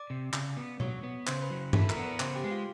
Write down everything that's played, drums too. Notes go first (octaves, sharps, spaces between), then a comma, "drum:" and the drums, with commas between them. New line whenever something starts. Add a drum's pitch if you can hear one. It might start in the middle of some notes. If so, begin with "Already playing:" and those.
Already playing: D5 D6
C3
C#3, drum: clap
B3
F#3 C#5 C#6, drum: tom B2
B3
C#3 C5 C6, drum: clap
B4 B5
F#3
E4 A4 A5, drum: tom G2
B5
A#4 A#5, drum: clap
B3
B4 B5
C#3 C5 C6, drum: clap
G4 G5
G#3
F4 F5